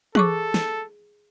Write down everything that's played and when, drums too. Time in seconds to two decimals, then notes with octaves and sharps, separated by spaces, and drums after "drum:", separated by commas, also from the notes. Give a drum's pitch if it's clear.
0.15 G#4 A4 C#6 D6, drum: tom
0.54 drum: snare